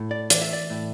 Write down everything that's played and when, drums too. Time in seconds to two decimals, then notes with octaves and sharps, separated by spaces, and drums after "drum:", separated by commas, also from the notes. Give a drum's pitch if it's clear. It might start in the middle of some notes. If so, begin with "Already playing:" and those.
Already playing: A2
0.11 D5
0.30 E3 D5, drum: hi-hat
0.42 E5
0.53 D5
0.70 A2